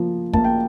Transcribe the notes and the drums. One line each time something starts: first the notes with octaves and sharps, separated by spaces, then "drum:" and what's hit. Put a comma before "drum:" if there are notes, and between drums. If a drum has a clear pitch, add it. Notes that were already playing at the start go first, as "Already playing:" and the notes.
Already playing: F3 A#3
A#3 A5, drum: kick
G5